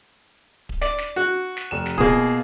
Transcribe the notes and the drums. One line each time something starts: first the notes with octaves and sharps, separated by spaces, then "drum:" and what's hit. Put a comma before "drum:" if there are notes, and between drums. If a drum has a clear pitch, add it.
drum: kick D1
D5, drum: snare
drum: snare
F#4
drum: snare
F1 E7
drum: snare
B2 A#3 F4 G#4 D#6, drum: kick D1